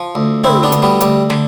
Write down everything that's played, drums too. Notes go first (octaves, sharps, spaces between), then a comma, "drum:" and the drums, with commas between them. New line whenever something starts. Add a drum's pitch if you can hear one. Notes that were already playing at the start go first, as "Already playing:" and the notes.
Already playing: F3
D2
D2 C4 E4, drum: tom
B3 D4
D2, drum: hi-hat
G3 B3
D2 G3, drum: hi-hat
D3, drum: snare